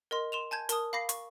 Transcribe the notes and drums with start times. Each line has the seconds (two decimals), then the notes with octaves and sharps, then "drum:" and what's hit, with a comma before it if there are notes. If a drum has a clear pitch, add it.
0.11 A#4 D#5 C6
0.32 C6 E7 F7
0.51 G#5 A5 G6 G#6
0.69 A#4 A5 D#6, drum: hi-hat
0.93 F5 B5 D6 A#6 C7
1.09 C#6, drum: hi-hat